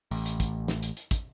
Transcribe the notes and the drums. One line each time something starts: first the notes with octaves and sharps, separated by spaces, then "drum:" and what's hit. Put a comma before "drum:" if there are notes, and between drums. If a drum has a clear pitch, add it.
A1, drum: open hi-hat
drum: hi-hat
drum: kick, hi-hat
drum: snare
drum: hi-hat
drum: hi-hat
drum: kick, hi-hat